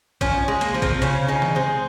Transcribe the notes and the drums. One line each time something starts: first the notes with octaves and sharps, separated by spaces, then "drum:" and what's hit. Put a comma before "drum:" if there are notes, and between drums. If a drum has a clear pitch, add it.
F3 C#4, drum: kick A#1, hi-hat
G#3
A#3, drum: hi-hat
F3
C4, drum: kick A#1, hi-hat
C#3 C#4, drum: hi-hat
C#3 D#4
drum: snare E3
G#3 C4